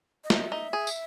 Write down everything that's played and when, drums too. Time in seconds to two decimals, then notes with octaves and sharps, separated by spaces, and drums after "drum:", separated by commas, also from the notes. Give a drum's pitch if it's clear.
0.24 D#5
0.30 D#4 E5, drum: snare
0.52 D#4
0.73 G#4
0.87 drum: tambourine